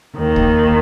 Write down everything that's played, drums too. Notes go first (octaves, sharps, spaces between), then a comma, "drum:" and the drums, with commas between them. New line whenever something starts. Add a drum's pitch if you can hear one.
D#2 D#3
drum: kick C2